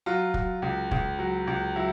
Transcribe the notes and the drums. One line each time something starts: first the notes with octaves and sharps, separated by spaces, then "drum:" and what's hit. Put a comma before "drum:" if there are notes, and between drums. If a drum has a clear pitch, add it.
F#3 F4
F#3, drum: kick
C#2
C#2, drum: kick
F#3
C#2
F#3 E4